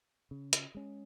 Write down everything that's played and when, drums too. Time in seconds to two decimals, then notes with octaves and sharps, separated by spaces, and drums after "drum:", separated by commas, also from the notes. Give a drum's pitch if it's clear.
0.31 C#3
0.53 drum: hi-hat
0.75 G#3 C#4